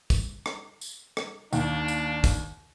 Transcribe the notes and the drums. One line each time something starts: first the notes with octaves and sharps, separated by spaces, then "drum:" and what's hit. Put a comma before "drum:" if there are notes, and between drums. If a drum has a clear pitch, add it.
drum: kick, tambourine
drum: rim click
drum: tambourine
drum: rim click
D#2 D4, drum: tambourine
drum: tambourine
drum: kick, tambourine